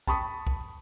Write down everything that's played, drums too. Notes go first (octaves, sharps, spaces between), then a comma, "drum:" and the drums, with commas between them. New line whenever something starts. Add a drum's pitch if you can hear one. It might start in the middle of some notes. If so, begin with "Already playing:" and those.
A5 B5 C#6 D#6, drum: kick B1
drum: kick B1